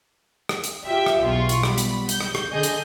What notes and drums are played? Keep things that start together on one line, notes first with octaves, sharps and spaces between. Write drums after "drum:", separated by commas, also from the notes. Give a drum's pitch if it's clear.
drum: rim click
drum: hi-hat
F4 G4 E5 G5
drum: rim click
B1 E2 F4 C#6
drum: hi-hat
G3 B3 B5, drum: rim click
drum: hi-hat
G6, drum: hi-hat
drum: rim click
drum: rim click
D3 G#4 D#5 G6
drum: hi-hat